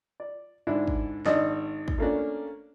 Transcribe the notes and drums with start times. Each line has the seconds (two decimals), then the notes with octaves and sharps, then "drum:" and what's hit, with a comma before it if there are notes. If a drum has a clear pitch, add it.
0.20 D5
0.67 G#2 D3 D4 E4
0.87 drum: kick
1.25 G#1 D4 D5 D#5, drum: snare
1.88 drum: kick
1.98 A3 A#3 C#4 D4